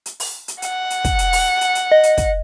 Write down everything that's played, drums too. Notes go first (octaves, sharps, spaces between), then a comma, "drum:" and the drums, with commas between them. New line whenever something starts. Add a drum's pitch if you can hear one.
drum: hi-hat
drum: open hi-hat
drum: hi-hat
F#5, drum: hi-hat
drum: hi-hat
drum: kick, hi-hat
drum: hi-hat
drum: open hi-hat
drum: hi-hat
drum: hi-hat
D#5
drum: hi-hat
drum: kick, hi-hat